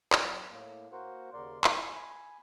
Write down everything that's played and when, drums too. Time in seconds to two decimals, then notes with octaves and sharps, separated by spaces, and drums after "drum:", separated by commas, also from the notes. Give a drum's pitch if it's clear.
0.13 drum: clap
0.23 F#3 C4
0.50 A2 A#3
0.92 A#3 F#4 A#4 C5 F#5
1.33 D#2 C#3 A#4 D5 C6
1.64 G#5 B5, drum: clap